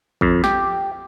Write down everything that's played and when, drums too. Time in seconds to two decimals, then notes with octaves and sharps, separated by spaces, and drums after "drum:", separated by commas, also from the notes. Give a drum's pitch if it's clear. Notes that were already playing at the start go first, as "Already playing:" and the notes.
0.21 F2, drum: kick A1
0.44 G4, drum: snare